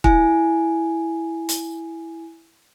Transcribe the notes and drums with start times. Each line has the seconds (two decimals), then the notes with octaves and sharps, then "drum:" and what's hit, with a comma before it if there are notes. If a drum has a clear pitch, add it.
0.04 E4 G#5, drum: kick
1.49 drum: hi-hat